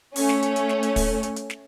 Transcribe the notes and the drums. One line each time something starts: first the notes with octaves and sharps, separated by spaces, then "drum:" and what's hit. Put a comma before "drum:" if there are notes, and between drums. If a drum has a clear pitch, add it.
A3 C#4, drum: open hi-hat
drum: snare
drum: hi-hat
drum: hi-hat
drum: snare
drum: hi-hat
drum: kick, open hi-hat
drum: hi-hat
drum: hi-hat
drum: snare